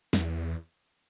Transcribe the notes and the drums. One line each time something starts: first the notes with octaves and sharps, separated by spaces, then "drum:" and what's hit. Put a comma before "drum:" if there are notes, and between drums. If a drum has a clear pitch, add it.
F#2, drum: snare
E2